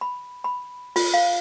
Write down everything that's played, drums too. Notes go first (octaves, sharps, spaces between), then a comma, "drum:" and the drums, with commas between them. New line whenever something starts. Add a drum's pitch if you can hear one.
B5
B5
F4, drum: open hi-hat
F5